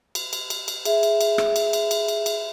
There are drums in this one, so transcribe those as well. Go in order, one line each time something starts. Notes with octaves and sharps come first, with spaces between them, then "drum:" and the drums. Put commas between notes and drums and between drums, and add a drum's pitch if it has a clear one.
drum: cymbal
drum: cymbal
drum: cymbal
drum: cymbal
G#4 E5, drum: cymbal
drum: cymbal
drum: cymbal
drum: rim click
drum: cymbal
drum: cymbal
drum: cymbal
drum: cymbal
drum: cymbal